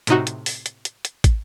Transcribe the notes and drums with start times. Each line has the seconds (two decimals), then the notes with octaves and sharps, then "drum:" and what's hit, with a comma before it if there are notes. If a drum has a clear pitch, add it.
0.07 A2 C3 D#4 F#4, drum: hi-hat
0.27 drum: hi-hat
0.46 drum: open hi-hat
0.66 drum: hi-hat
0.85 drum: hi-hat
1.05 drum: hi-hat
1.24 drum: kick, hi-hat